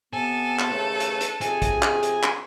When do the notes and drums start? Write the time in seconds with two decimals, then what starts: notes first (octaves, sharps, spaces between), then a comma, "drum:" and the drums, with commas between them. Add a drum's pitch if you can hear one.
0.13 C3 B3 A4 G#5
0.59 drum: clap
0.71 D#2 C#3 A3 B4
1.00 drum: hi-hat
1.21 drum: hi-hat
1.41 F2 C3 G#4 G#5, drum: hi-hat
1.62 drum: kick A#1, hi-hat
1.82 drum: clap
2.03 drum: hi-hat
2.23 drum: clap